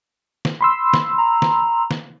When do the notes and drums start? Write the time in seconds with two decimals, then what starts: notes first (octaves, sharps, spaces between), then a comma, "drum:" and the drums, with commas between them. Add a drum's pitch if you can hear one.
0.45 drum: snare
0.61 B5 C6 E6
0.93 drum: snare
1.18 A#5
1.42 drum: snare
1.91 drum: snare